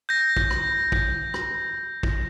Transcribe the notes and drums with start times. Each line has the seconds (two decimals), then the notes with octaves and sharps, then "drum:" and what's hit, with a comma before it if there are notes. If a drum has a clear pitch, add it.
0.09 G6 A#6
0.37 drum: kick
0.51 drum: rim click
0.92 drum: kick
1.34 drum: rim click
2.03 drum: kick